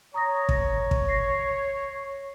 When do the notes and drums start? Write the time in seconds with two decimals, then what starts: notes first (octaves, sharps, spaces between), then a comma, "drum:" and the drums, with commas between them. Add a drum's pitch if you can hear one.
0.14 C#5 A#5 D#6 A#6
0.49 A#6, drum: kick
0.91 drum: kick
1.09 A#6 C7